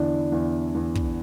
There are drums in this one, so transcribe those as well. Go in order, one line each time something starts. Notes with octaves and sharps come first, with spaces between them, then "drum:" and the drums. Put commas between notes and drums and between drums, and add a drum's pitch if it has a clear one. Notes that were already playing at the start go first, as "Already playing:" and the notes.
Already playing: E2 D3 D4 E4
E2
E2
drum: kick